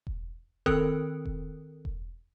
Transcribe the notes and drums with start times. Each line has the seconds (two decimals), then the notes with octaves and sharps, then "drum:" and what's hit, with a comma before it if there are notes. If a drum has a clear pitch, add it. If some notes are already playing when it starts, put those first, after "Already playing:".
0.07 drum: kick E1
0.66 D#3 C4 A4 A#4 D#6 F#6, drum: kick E1
1.25 drum: kick E1
1.85 drum: kick E1